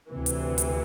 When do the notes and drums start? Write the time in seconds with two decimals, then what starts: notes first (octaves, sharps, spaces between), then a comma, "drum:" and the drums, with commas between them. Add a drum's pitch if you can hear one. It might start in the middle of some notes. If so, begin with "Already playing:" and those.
0.10 D2 C3 E3
0.26 drum: hi-hat
0.58 drum: hi-hat